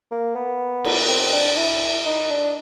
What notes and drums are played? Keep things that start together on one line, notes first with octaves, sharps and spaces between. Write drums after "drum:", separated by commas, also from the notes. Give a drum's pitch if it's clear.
A#3
B3
drum: cymbal
C4
D4
E4
D#4
D4